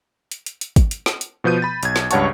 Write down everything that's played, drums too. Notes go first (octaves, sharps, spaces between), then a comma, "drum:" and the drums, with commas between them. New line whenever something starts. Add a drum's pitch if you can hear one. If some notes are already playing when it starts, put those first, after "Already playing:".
drum: hi-hat
drum: hi-hat
drum: hi-hat
drum: kick, hi-hat
drum: hi-hat
drum: snare
drum: hi-hat
B2 F3 B3 G6 D#7
B5 A6
B1 G#6, drum: hi-hat
drum: snare
C#2 G2 C#5 F#5 A5 C#6, drum: hi-hat